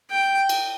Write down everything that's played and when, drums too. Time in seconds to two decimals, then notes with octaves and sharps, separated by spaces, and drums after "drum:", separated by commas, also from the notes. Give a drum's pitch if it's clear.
0.11 G5
0.49 drum: cymbal